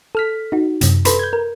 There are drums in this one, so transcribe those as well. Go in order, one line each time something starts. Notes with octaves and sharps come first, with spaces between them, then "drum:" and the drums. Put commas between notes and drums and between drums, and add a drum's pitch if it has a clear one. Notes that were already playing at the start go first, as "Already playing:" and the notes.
A4 F6 B6
D#4 F#4
F#2 C3, drum: hi-hat
A4 B4 B5 C6, drum: hi-hat
G6 G#6
A#4